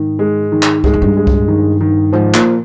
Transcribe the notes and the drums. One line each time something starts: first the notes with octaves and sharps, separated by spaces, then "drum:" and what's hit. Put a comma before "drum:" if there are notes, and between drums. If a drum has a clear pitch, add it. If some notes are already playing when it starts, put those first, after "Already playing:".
Already playing: G#2 D#3
G#3
D#3
drum: clap
G2 G#3, drum: kick C2
F2
G2
G#3
drum: kick C2
D#3
D#3
G#2 F3
A#2, drum: clap